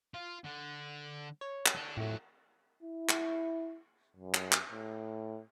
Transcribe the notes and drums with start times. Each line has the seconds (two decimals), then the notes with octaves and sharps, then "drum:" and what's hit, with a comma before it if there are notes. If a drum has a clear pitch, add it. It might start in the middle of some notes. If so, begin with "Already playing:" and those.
0.14 F4
0.44 D3
1.41 C#5
1.66 drum: clap
1.76 D4 A4
1.97 F2 A2 F#3 A3
2.83 E4
3.09 drum: clap
4.16 F#2
4.34 drum: clap
4.52 drum: clap
4.72 A2